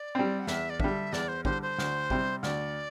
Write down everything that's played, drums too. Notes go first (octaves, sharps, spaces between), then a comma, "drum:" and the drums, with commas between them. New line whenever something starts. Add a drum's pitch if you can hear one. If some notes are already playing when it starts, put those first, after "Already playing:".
Already playing: D5
G3 C4
F#5
E2 E5, drum: snare
D5
D3 G3 E5, drum: kick
E2 D5, drum: snare
C5
D3 G3 C5, drum: kick
C5
D2, drum: snare
C3 G3 C4, drum: kick
D2 D5, drum: snare